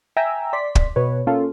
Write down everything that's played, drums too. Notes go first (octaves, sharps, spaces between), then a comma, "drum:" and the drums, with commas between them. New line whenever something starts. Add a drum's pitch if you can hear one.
E5 G5 G#5 A#5 E6
D5 C6 B6
drum: kick
B2 B4 C#5
A#3 C#4 F4 A4